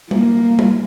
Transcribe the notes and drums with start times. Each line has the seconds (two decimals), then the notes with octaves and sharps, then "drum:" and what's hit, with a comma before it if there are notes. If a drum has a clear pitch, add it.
0.11 A#3, drum: tom G3
0.59 drum: tom G3